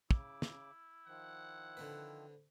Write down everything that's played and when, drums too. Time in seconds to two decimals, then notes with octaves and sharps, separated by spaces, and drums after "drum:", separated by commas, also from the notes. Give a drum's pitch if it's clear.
0.11 C#3 E4 D6, drum: kick
0.42 drum: snare
1.07 D#3 F3 F#5
1.77 D3 C4 B4